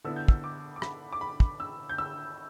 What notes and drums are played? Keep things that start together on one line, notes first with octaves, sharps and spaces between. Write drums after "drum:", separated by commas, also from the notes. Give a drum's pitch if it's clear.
D3 B3 E4 E6
G6
E6, drum: kick
D6
D6
B5, drum: rim click
D6
B5
drum: kick
E6
G6
E6